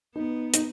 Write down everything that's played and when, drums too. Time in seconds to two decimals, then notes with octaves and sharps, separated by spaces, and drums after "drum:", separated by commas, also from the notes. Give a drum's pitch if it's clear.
0.15 B3 D#4
0.54 D#4, drum: hi-hat